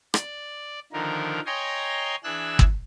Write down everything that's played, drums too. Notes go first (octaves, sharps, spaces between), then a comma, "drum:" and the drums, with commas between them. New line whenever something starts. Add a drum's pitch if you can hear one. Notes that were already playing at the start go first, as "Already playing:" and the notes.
D5, drum: rim click
D3 D#3 F3 A#4
C#5 D#5 G5 G#5 A#5 C6
E3 D4 G#4 E6 F#6
drum: kick